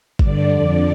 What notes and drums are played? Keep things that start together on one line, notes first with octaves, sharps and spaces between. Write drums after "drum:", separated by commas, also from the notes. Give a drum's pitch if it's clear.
G2 D3 D5, drum: kick G#1
F2 D3 D5